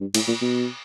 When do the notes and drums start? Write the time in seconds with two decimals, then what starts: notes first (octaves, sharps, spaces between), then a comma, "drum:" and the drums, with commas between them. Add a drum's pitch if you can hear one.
0.01 G2
0.14 A2, drum: cymbal
0.28 A#2
0.42 B2